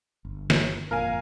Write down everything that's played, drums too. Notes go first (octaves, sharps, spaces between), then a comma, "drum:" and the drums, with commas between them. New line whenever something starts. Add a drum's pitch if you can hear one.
G1
drum: snare
G1 F2 A#2 A#4 F5 G#5